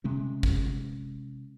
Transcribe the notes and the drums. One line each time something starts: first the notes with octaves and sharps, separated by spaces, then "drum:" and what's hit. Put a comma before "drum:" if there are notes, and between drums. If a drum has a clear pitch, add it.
C3 G#3 C#4
drum: kick G#1